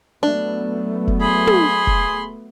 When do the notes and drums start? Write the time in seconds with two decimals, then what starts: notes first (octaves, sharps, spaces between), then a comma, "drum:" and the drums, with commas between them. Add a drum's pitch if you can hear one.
0.23 F#3 A3 B3 D4
1.07 drum: kick
1.21 G#4 B5 C6
1.47 drum: tom
1.87 drum: kick